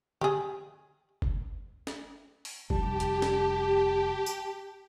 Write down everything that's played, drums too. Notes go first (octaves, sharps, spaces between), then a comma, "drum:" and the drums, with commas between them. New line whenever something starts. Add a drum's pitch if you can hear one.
G4 G#4, drum: tom D3
drum: kick F#1
drum: snare
drum: open hi-hat
F1 G3 G4 A5, drum: kick F#1
drum: hi-hat
drum: snare
drum: tambourine